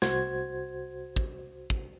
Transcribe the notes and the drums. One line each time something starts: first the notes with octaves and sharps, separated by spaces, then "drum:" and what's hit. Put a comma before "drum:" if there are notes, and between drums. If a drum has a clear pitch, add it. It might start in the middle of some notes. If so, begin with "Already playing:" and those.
C2 F#4 C5 G#6, drum: snare
drum: kick
drum: kick